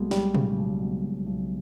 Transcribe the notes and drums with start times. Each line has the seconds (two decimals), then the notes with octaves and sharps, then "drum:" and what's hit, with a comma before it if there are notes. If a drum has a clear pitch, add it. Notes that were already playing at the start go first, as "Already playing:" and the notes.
Already playing: B1 B2 G3 G#3 A#3
0.11 B1 G3, drum: snare
0.34 B1 C#3, drum: tom
0.58 B1
0.80 B2
1.04 B1
1.26 B1